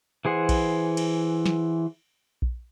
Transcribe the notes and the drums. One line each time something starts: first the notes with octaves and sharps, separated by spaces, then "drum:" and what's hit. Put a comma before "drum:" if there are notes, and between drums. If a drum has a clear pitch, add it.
E3 G#4 C5 F#5
drum: kick A#1, cymbal
drum: cymbal
drum: snare
drum: kick A#1